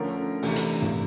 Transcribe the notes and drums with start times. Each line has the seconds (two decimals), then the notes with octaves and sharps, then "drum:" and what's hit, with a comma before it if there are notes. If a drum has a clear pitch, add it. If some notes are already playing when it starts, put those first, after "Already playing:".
Already playing: D3 F3 A3 C#4 A#4
0.43 C3 E3 A3 D4, drum: open hi-hat
0.56 drum: hi-hat
0.82 drum: tom